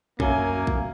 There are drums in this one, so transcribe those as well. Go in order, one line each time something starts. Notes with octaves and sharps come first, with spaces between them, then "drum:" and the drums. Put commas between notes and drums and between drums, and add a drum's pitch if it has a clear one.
F#2 F#3 A#3 E5 F5 G#5, drum: kick
drum: kick